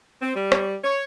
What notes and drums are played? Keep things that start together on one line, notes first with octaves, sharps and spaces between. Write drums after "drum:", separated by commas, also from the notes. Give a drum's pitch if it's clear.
C4
G3
drum: rim click
C#5